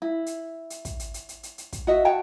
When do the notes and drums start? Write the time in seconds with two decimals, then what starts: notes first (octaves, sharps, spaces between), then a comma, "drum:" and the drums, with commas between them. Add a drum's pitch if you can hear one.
0.02 E4
0.26 drum: hi-hat
0.70 drum: hi-hat
0.85 drum: kick, hi-hat
0.99 drum: hi-hat
1.14 drum: hi-hat
1.29 drum: hi-hat
1.43 drum: hi-hat
1.58 drum: hi-hat
1.73 drum: kick, hi-hat
1.87 F#4 D#5 E5
2.05 F#4 C#5 G5 A5